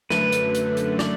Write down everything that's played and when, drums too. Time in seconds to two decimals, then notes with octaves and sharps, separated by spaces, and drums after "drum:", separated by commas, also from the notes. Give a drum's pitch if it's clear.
0.10 F#2 D3 A3 B4, drum: snare
0.32 drum: hi-hat
0.55 drum: hi-hat
0.77 drum: hi-hat
0.99 D5, drum: snare